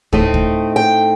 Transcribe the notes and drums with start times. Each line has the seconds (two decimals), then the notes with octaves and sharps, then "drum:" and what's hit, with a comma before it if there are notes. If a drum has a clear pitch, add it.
0.13 A2 A3 C4 D#4 D#5, drum: kick
0.34 drum: kick
0.76 G5